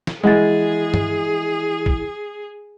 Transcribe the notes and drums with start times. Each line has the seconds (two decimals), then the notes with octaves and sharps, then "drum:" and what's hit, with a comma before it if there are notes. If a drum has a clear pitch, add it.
0.07 drum: snare
0.24 E3 G#3 E4 G#4 D#5 F#5 A6
0.94 drum: tom G2
1.86 drum: kick A#1